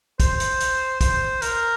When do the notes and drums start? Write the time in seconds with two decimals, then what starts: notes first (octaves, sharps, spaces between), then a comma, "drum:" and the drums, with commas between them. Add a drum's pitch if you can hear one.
0.20 C5, drum: kick, hi-hat
0.40 drum: hi-hat
0.60 drum: hi-hat
1.01 C5, drum: kick, hi-hat
1.42 A#4, drum: hi-hat